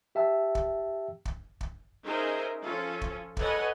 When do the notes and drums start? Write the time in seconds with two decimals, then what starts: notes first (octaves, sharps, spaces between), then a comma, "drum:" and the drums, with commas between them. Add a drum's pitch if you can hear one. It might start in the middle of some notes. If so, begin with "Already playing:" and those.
0.15 G4 E5 G5 A5 E6
0.55 drum: kick
1.25 drum: kick
1.61 drum: kick
2.04 C#4 D#4 G#4 A#4 C5 E5
2.63 F3 C#4 F4 A4
3.01 drum: kick
3.37 A4 B4 C#5 D#5 F#5 G#5, drum: kick